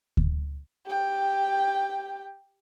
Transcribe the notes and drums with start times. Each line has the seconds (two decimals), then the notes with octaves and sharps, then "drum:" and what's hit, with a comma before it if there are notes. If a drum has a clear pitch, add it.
0.17 drum: kick D2
0.86 G4 G5